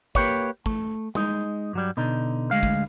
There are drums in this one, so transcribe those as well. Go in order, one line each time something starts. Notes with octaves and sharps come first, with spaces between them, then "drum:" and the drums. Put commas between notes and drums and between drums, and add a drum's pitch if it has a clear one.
A#3 G4 B4 C#5, drum: kick
A3, drum: kick
G#3 D#4, drum: tom
G2 F#3 G3
B2 D3 D#4
D2 G#3 F5
drum: kick